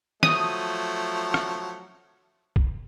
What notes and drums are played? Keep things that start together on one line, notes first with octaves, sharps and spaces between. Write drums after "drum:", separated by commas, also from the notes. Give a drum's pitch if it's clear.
F3 F#3 A3 D#6, drum: snare
drum: rim click
drum: kick